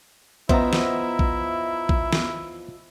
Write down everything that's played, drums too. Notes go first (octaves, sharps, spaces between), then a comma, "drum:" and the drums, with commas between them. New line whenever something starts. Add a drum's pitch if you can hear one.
F3 B3 E4 C5 D#5 E5 A#5, drum: kick A#1
drum: snare
drum: kick A#1
drum: kick A#1
drum: snare